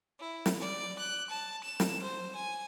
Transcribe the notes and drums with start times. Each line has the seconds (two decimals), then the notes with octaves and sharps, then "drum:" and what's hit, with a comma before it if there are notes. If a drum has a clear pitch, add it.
0.20 E4
0.46 drum: snare
0.60 D5
0.99 F#6
1.31 A5
1.64 E7
1.80 drum: snare
2.03 C5
2.36 G#5